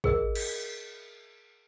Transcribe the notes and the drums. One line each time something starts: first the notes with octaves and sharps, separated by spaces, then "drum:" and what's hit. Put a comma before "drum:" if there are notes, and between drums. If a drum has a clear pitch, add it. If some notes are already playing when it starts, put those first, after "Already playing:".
G#4 A#4 D#5, drum: kick
drum: cymbal